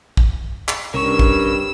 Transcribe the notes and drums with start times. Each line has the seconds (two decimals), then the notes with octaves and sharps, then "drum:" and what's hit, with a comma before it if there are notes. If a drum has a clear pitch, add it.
0.17 drum: kick
0.68 drum: clap
0.94 C2 G2 C#4 A#4 C#6 E6
1.19 drum: kick